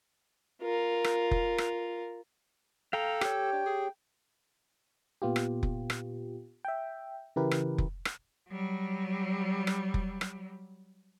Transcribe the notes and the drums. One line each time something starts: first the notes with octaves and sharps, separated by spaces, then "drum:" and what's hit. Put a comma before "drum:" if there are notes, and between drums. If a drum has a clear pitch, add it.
F4 A#4
drum: rim click
drum: kick F1
drum: rim click
A4 F5 G5 A#5
G4 C#5 G5, drum: rim click
D4
G#4
A#2 B3 F4 G4
drum: rim click
drum: kick F1
drum: rim click
E5 G5
C#3 E3 E4 G4 A#4 B4
drum: rim click
drum: kick F1
drum: rim click
F#3 G3
drum: rim click
drum: kick F1
drum: rim click